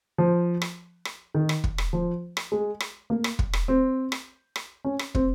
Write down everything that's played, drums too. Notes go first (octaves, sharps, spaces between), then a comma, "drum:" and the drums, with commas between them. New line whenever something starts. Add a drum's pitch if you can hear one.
F3
drum: rim click
drum: rim click
D#3
drum: rim click
drum: kick
drum: rim click
F3
drum: rim click
G#3
drum: rim click
A#3
drum: rim click
drum: kick
drum: rim click
C4
drum: rim click
drum: rim click
C#4
drum: rim click
C4, drum: kick